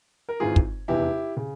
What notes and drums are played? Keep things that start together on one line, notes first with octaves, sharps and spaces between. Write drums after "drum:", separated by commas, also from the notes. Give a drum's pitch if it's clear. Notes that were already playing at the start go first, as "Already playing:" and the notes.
A#4
G#1 G#2 E3 F4 G#4
drum: kick
F1 E2 E3 E4 G4
C#3